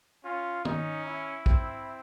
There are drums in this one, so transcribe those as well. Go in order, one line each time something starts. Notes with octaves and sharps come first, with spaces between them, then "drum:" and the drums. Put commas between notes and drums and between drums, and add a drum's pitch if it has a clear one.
C#4 F4
C#4 D#4, drum: tom
E4
C4, drum: kick